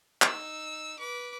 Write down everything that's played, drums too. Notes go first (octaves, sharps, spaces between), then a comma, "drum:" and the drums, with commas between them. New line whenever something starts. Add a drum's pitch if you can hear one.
D#4 E6, drum: clap
B4 D6